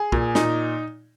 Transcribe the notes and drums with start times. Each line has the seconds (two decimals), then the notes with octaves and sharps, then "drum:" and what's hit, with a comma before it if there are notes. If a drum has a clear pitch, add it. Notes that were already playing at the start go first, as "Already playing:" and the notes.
Already playing: G#4
0.12 A#2, drum: kick
0.35 A#2 D#4, drum: snare